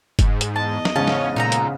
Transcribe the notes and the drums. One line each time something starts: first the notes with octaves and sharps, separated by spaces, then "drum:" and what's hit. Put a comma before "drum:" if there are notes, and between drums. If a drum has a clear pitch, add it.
G#2, drum: kick F#1, hi-hat
drum: hi-hat
E2 D#5 A5
drum: snare
G#2 C#3 C#4 A5
drum: snare
A#2 D#4 A4 A#5
drum: hi-hat